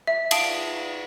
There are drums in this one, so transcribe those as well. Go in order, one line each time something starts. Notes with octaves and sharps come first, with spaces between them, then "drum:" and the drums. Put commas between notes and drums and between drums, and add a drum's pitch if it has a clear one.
E5
F5 A5 D#6 D7, drum: cymbal